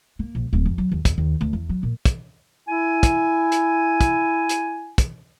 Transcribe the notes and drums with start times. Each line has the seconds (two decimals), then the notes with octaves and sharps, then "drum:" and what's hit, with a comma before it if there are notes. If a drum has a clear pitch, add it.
0.19 A#3
0.35 A#1
0.53 D1
0.65 F2
0.78 F#3
0.92 D#2
1.05 E2, drum: kick, hi-hat
1.18 D#2
1.41 D2
1.53 E2
1.69 F#3
1.83 A#2
2.05 drum: kick, hi-hat
2.69 E4 G#5
3.03 drum: kick, hi-hat
3.52 drum: hi-hat
4.01 drum: kick, hi-hat
4.49 drum: hi-hat
4.98 drum: kick, hi-hat